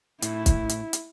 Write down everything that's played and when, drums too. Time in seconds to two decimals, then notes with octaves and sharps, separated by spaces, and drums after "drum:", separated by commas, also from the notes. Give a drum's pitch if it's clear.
0.22 A2 E4, drum: hi-hat
0.46 drum: kick, hi-hat
0.69 drum: hi-hat
0.93 drum: hi-hat